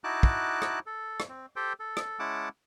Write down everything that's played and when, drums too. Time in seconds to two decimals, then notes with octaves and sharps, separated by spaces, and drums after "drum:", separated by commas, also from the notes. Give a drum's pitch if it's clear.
0.04 D#4 E4 F#4 A5 D6 F#6
0.23 drum: kick
0.62 drum: rim click
0.86 A4
1.20 drum: rim click
1.29 C4
1.56 G4 A4 C5 G5
1.80 A4
1.97 drum: rim click
2.19 G#3 C#4 E4 F#5 A5 D6